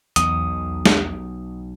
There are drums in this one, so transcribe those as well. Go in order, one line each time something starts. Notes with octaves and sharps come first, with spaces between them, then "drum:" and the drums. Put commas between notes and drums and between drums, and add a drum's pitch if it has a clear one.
B1 E2 B2 D#6, drum: hi-hat
drum: snare